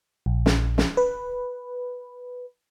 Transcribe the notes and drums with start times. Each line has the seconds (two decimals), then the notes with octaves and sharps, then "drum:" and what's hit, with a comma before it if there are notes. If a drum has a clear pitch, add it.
0.26 A#1
0.46 drum: snare
0.78 drum: snare
0.97 B4